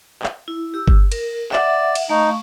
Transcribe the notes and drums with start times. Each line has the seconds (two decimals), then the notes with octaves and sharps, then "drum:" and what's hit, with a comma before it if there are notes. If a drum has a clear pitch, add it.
0.23 drum: clap
0.48 E4
0.74 G4 E6
0.87 drum: kick G1
1.12 A#4, drum: cymbal
1.52 D5 E5 F#5, drum: clap
1.95 drum: cymbal
2.09 A3 D#4 F5 C#6